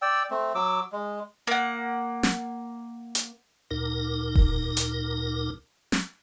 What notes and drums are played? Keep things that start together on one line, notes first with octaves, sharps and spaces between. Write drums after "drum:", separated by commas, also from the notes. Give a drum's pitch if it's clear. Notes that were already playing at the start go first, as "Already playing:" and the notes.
D5 G5 E6
A3 C4
F#3 D6 E6
G#3
A#3 F#5
drum: snare
drum: hi-hat
D2 A#2 D#4 A#4
drum: kick E1
drum: hi-hat
drum: snare